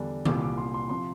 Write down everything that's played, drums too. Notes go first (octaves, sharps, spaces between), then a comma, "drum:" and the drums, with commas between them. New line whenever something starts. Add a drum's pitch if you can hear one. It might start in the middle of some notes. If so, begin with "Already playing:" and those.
Already playing: E2 D3 G3 D4
C2 A#2 G3 D6, drum: tom D#3
D6
C6
C6
C3 F3 C6